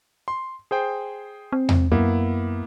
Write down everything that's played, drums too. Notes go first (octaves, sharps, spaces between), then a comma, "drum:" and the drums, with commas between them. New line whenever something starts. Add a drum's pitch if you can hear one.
C6
G#4 C5 G5
C4
drum: tom E2
F#2 A#3 B3 E4